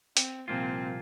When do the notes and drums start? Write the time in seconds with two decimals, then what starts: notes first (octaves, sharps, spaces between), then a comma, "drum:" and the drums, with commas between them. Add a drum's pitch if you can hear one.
0.17 C4, drum: hi-hat
0.48 C2 A#2 F3 A#3 C4 F4